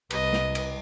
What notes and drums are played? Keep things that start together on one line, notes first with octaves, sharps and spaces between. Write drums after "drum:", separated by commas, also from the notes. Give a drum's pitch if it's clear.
C2 B4 D#5, drum: cymbal
drum: snare
drum: cymbal